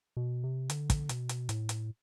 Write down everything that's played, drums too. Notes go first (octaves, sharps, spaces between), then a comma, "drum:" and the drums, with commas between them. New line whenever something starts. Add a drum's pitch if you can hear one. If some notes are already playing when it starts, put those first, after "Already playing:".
B2
C3
D3, drum: hi-hat
drum: kick, hi-hat
B2, drum: hi-hat
drum: hi-hat
A2, drum: hi-hat
drum: hi-hat